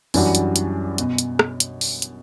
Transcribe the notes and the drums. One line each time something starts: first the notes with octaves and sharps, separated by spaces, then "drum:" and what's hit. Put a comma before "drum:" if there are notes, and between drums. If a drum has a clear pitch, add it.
F#2 E3 G3 D4 F#4, drum: open hi-hat
drum: hi-hat
drum: hi-hat
B2, drum: hi-hat
drum: hi-hat
drum: rim click
drum: hi-hat
drum: open hi-hat
drum: hi-hat